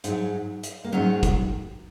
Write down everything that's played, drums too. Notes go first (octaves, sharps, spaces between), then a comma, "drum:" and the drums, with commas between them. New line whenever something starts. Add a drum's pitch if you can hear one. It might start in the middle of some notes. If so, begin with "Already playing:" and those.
G#2 F#3 D#4, drum: hi-hat
drum: hi-hat
A#3
G#2 D#3 F#3 C#4
drum: kick, hi-hat